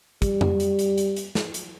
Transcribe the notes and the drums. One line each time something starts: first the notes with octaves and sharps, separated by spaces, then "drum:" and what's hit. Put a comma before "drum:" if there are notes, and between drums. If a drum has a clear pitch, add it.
G3, drum: kick, hi-hat
drum: tom F2
drum: hi-hat
drum: hi-hat
drum: hi-hat
drum: hi-hat
drum: snare
drum: hi-hat